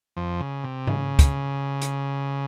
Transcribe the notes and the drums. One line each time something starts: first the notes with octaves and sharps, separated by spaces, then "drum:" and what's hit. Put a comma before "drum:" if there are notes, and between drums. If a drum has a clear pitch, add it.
F2 F3
C#3
C3
C#3, drum: tom G#2
drum: kick, hi-hat
drum: hi-hat